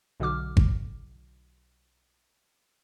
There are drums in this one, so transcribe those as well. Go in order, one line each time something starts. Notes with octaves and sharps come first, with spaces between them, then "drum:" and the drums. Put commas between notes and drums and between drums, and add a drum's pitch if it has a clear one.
B1 B2 D3 D6 F6
drum: kick G#1